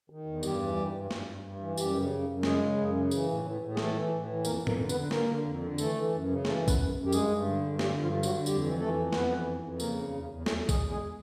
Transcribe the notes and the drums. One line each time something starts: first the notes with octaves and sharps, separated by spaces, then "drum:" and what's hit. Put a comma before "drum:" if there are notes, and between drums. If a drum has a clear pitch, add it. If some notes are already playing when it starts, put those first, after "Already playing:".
D#3
E2
G2 G3 G4, drum: tambourine
E3
G2
G2
G2, drum: snare
G2
G2
E3
F#2 G3 G4, drum: tambourine
C#3
F#2
F#2
C#3 G#3 G#4, drum: snare
C#3
F#2
C#3
E3, drum: tambourine
A2
A2
A2
G#4
E3 A3 A4, drum: snare
E3
A2
E3
F2 A#3 A#4, drum: tambourine
F2
A#3 A#4, drum: tom G#2
D3
B3 B4, drum: tambourine
D3
D3 A#3 A#4, drum: snare
D3
F2
D3
E3 A3 A4, drum: tambourine
E3
F#2
C#3
E3 A3 A4, drum: snare
F#2
B3 B4, drum: kick A#1, tambourine
F#2
F#2
G4
G2 G#3 G#4, drum: tambourine
G2
D3
G2
D3 G3 G4, drum: snare
G2 F3 F4
D3
F#3 F#4, drum: tambourine
D3
F2 G3 G4, drum: tambourine
E3
E3 A3 A4
F2
F2 B3 B4, drum: snare
E3
F2
F2
C#3 A#3 A#4, drum: tambourine
E2
E2
E2
E2 A3 A4, drum: snare
E2
G#3 G#4, drum: kick A#1, tambourine
E2
G#3 G#4